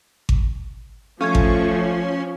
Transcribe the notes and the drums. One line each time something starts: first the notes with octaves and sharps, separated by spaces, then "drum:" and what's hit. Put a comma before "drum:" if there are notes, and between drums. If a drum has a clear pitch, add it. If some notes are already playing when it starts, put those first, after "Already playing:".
drum: kick G#1
F3 A3 C#4 F5 C#6 G#6
drum: kick G#1